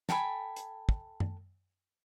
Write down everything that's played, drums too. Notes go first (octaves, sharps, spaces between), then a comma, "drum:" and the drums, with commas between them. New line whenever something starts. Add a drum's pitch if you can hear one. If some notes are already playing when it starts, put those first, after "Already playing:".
A4 G5 G#5 B5, drum: snare
drum: hi-hat
drum: kick
drum: tom F#2